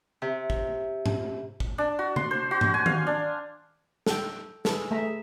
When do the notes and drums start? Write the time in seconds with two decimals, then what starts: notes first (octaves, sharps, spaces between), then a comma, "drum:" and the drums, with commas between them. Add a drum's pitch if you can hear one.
0.22 C3
0.50 drum: kick
1.06 drum: tom G#2
1.60 drum: kick
1.78 D4
1.99 F#4
2.16 C6, drum: tom C3
2.31 C5
2.51 F#4
2.61 drum: tom G#2
2.74 G#5
2.86 F5, drum: tom D#3
3.07 D4
4.06 A4 G5, drum: snare
4.65 G#4 A4 B4 A5, drum: snare
4.91 A3 E5 A#5